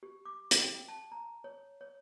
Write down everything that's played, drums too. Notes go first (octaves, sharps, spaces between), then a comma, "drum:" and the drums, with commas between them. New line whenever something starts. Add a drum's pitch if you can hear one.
G4
D6
drum: hi-hat
G5
A5
A#5
C#5
C#5